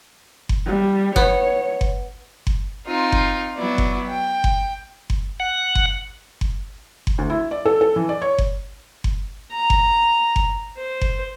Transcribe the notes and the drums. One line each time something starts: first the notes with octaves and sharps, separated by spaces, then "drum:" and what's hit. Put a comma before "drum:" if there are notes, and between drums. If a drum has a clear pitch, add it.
drum: kick F#1
G3
B3 C#5, drum: kick F#1
drum: kick F#1
drum: kick F#1
C4 D#4 F4
drum: kick F#1
F#3 B3 E4 D5
drum: kick F#1
G5
drum: kick F#1
drum: kick F#1
F#5
drum: kick F#1
drum: kick F#1
drum: kick F#1
D2
E4
D5
A4
A4
E3
D5
C#5
drum: kick F#1
drum: kick F#1
A#5
drum: kick F#1
drum: kick F#1
C5
drum: kick F#1